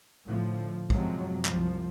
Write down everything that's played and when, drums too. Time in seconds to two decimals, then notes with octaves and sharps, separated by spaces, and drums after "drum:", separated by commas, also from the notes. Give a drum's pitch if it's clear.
0.25 A2 D3 F3
0.90 F#2 C3 F3 F#3 G#3, drum: kick A#1
1.45 C2 F3, drum: clap